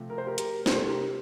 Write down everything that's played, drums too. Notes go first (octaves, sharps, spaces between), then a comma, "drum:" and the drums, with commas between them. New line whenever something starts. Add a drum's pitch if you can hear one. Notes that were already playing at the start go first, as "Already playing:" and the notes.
Already playing: C3 F3 A3
A#4
C5
G4 A#4
G4 A#4, drum: hi-hat
C3 G3 A4 C5, drum: snare
G4 A#4